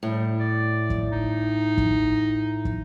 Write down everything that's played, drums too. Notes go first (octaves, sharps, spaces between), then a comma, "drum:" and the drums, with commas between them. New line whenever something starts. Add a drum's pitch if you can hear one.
A2 G3
D5
drum: kick
D#4
drum: kick
drum: kick